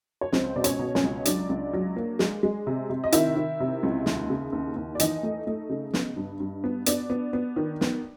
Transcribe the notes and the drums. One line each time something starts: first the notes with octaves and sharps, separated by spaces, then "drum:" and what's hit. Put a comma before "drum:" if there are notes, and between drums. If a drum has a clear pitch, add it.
C#5
C#2 C4 C5, drum: snare
B2 D5
C#4 C#5, drum: hi-hat
B2
C#4 C#5, drum: snare
C#2
F#3 D4 D5, drum: hi-hat
C#2
F#3
A#3
G#3, drum: snare
G#3
C3
C3
D#5
D#3 E4 E5, drum: hi-hat
D#3
C3
C#2
D#2, drum: snare
C#3
D#2
D#2
D5
E3 D#4 D#5, drum: hi-hat
A3
A3
C#3
B3, drum: snare
G2
G2
B3
B3 D4 D5, drum: hi-hat
B3
B3
D#3
B3, drum: snare